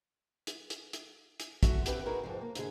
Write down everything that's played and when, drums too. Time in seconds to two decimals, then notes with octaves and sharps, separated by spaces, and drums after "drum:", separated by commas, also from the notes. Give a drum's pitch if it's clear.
0.47 drum: hi-hat
0.70 drum: hi-hat
0.93 drum: hi-hat
1.40 drum: hi-hat
1.63 F#4 A4 E5, drum: kick, hi-hat
1.86 C4 G4 A4 B4 G5, drum: hi-hat
2.06 D#4 F#4 G#4 A#4 B4
2.23 F2 G#2 F3
2.41 A#3
2.55 G#2 D3 G#4, drum: hi-hat